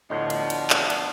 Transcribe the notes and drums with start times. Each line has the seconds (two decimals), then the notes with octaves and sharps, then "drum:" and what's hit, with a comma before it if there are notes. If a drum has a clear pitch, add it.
0.10 D2 A2 F3 B3 D4 D#5
0.30 drum: cymbal
0.50 drum: cymbal
0.70 drum: clap
0.90 drum: cymbal